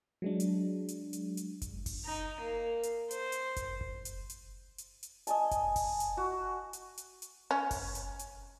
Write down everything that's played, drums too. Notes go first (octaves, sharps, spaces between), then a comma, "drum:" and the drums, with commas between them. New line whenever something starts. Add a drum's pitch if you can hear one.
F#3 G#3 D4
drum: hi-hat
drum: hi-hat
drum: hi-hat
drum: hi-hat
drum: kick F#1, hi-hat
drum: kick F#1, open hi-hat
D#4
A#3
drum: hi-hat
C5, drum: hi-hat
drum: hi-hat
drum: kick F#1, hi-hat
drum: kick F#1
drum: hi-hat
drum: hi-hat
drum: hi-hat
drum: hi-hat
D#5 G#5 A5, drum: hi-hat
drum: kick F#1, hi-hat
drum: kick F#1, open hi-hat
drum: hi-hat
F#4
drum: hi-hat
drum: hi-hat
drum: hi-hat
C#4
drum: kick F#1, open hi-hat
drum: hi-hat
drum: hi-hat